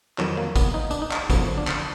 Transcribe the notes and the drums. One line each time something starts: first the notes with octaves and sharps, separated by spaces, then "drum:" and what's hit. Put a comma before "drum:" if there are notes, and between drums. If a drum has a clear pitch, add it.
F2 D#3 F#3, drum: clap
A#3
B3, drum: kick, tambourine
D#4
D4, drum: tambourine
D#4
drum: clap
F#2 D3 F3 B3, drum: kick, tambourine
D4
drum: clap